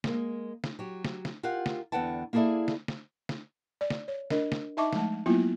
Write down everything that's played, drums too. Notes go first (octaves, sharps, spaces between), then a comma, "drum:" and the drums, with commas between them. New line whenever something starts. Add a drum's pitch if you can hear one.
G#3 A#3, drum: snare
drum: snare
F#3 G4
drum: snare
drum: snare
F4 G4 A#4 F5 F#5
drum: snare
E2 D3 B4 F#5 G5 A5
A#3 E4 G#4 A4 D5 E5
drum: snare
drum: snare
drum: snare
D5
drum: snare
C#5
D4 A#4 D#5, drum: snare
drum: snare
D#4 D#5 E5 A5 C#6 D6
F3 G#3 A3 A5, drum: snare
F#3 A#3 B3 E4 F4